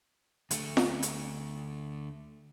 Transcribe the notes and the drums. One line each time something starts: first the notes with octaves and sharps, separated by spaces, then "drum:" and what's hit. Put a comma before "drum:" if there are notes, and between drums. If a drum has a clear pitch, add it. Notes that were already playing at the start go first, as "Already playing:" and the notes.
D2 A3, drum: hi-hat
drum: snare F4
drum: hi-hat